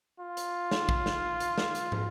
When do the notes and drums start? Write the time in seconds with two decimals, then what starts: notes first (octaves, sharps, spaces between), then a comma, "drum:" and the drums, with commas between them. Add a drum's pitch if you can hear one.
0.20 F4
0.37 drum: hi-hat
0.71 drum: snare
0.89 drum: kick
1.06 drum: snare
1.40 drum: hi-hat
1.58 drum: snare
1.75 drum: hi-hat
1.92 drum: tom